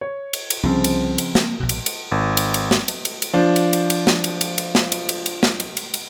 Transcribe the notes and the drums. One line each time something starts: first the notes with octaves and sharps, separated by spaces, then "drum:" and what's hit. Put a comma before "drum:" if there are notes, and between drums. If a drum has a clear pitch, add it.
C#5
drum: cymbal
drum: cymbal
C2 C#3 F3 C4
drum: cymbal
drum: cymbal
A#3, drum: snare
A#1 B2
drum: cymbal
drum: cymbal
G#1
drum: cymbal
drum: cymbal
drum: snare
drum: cymbal
drum: cymbal
drum: cymbal
F3 D4
drum: cymbal
drum: cymbal
drum: cymbal
drum: snare
drum: cymbal
drum: cymbal
drum: cymbal
drum: snare
drum: cymbal
drum: cymbal
drum: cymbal
drum: snare
drum: cymbal
drum: cymbal
drum: cymbal